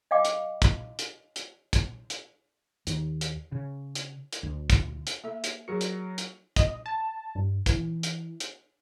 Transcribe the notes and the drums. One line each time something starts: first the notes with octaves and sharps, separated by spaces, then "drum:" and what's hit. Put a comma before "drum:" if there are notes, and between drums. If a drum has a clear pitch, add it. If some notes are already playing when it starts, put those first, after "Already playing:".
D#5 F5 G5 D6
drum: hi-hat
drum: kick, hi-hat
drum: hi-hat
drum: hi-hat
drum: kick, hi-hat
drum: hi-hat
D#2, drum: hi-hat
drum: hi-hat
C#3
drum: hi-hat
drum: hi-hat
D2
drum: kick, hi-hat
drum: hi-hat
A#3 A4 E5
drum: hi-hat
F#3 F#4 G#4 A#4 C#7
drum: hi-hat
drum: hi-hat
D#5, drum: kick, hi-hat
A5
G2
E3, drum: kick, hi-hat
drum: hi-hat
drum: hi-hat